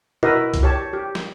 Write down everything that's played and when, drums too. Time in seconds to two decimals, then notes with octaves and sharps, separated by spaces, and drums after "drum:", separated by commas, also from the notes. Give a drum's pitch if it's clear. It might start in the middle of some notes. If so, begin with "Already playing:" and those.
0.23 E4 F#4 A#4 B4 D#5 E5, drum: tom B2
0.54 drum: kick C2, hi-hat
0.63 G4 C#5 A5
0.93 G4
1.15 drum: snare